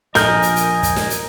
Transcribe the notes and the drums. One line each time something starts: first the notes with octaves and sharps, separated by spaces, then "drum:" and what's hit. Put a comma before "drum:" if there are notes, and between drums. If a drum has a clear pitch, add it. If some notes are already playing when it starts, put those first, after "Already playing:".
A#1 A#4 D#5 G#5 F6 G6, drum: snare
drum: hi-hat
drum: hi-hat
drum: kick, hi-hat
drum: snare
drum: hi-hat